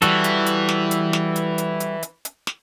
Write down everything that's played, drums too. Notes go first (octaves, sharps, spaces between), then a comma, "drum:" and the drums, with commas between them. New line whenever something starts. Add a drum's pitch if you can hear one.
E3 G3 F#4 A4, drum: hi-hat
drum: hi-hat
drum: hi-hat
drum: snare
drum: hi-hat
drum: snare
drum: hi-hat
drum: hi-hat
drum: hi-hat
drum: hi-hat
drum: hi-hat
drum: snare